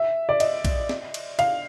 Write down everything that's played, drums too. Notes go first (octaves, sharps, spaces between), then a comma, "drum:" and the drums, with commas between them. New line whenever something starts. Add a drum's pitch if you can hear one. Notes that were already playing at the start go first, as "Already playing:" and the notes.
Already playing: E5
D5
D#5, drum: cymbal
drum: kick, cymbal
drum: snare
drum: cymbal
F5, drum: cymbal